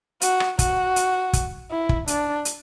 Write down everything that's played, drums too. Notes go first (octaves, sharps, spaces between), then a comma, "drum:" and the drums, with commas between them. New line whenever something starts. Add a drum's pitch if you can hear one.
F#4, drum: hi-hat
drum: rim click
F#4, drum: kick, hi-hat
drum: hi-hat
drum: kick, hi-hat
E4
drum: kick
D4, drum: hi-hat
drum: hi-hat